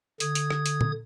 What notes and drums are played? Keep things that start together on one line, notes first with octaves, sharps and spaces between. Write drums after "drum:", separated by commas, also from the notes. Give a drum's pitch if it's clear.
D3 D#6 G#6, drum: hi-hat
drum: hi-hat
drum: rim click
drum: hi-hat
drum: tom